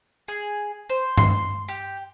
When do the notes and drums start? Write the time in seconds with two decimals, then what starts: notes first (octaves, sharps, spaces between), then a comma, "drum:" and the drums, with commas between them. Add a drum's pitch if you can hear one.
0.28 G#4
0.90 C5
1.17 C6, drum: tom G2
1.68 G4